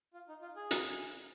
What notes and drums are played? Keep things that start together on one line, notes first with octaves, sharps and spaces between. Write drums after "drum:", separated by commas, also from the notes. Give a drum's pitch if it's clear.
F4
D#4
F4
G#4
drum: hi-hat